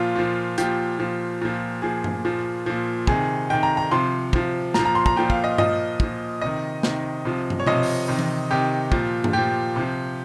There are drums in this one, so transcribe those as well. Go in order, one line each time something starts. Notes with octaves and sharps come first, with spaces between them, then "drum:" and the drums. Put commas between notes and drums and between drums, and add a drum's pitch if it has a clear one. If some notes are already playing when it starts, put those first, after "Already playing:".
Already playing: A#2 F3 F4
A#2 F3
A#2 F3 G4, drum: hi-hat
A#2 F3
A#2 F3
A#2 F3 G#4
drum: tom
A#2 F3
A#2 F3
C3 D#3 G#4, drum: kick
C3 D#3 G5
A#5
A#5
C3 F3 C6
C3 F3, drum: kick
A#2 F3 A#5, drum: snare
A#5
C6
A#5, drum: kick
A#2 F3 G5
F5, drum: kick
D#5
A#2 F3 D#5, drum: tom G2
A#2 F3, drum: kick
C3 D#3 D#5
C3 D#3, drum: snare
C3 F3
drum: tom
C#5
C3 F3 D#5, drum: tom B2
drum: open hi-hat
C3 D#3
drum: tom E3
C3 D#3 G4
A#2 F3, drum: kick
drum: tom
A#2 F3 G4
C3 F3